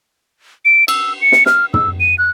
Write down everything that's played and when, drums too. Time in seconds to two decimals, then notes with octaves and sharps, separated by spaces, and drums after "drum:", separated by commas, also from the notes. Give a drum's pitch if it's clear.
0.65 D7
0.88 E6, drum: cymbal
1.21 C#7
1.32 drum: snare
1.46 F6, drum: snare
1.74 E6, drum: tom
2.00 D#7
2.18 F#6